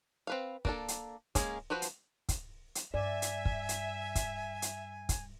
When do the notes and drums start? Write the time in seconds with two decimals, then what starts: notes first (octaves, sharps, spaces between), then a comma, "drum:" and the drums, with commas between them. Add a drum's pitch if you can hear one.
0.27 C4 B4 F5
0.65 A#3 D4 A4, drum: kick
0.88 drum: hi-hat
1.35 G#3 A#3 C#4 G#4, drum: kick, hi-hat
1.70 F3 F#4 B4 C5
1.82 drum: hi-hat
2.29 drum: kick, hi-hat
2.75 drum: hi-hat
2.94 G2 D5 E5 G#5
3.22 drum: hi-hat
3.45 drum: kick
3.69 drum: hi-hat
4.15 drum: kick, hi-hat
4.62 drum: hi-hat
5.09 drum: kick, hi-hat